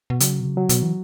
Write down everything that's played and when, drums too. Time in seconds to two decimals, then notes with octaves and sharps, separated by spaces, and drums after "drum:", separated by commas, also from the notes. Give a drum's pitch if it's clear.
0.10 B2
0.20 C#3 F#3, drum: hi-hat
0.40 B2
0.45 C#3
0.57 F#3
0.69 B2, drum: hi-hat
0.83 E3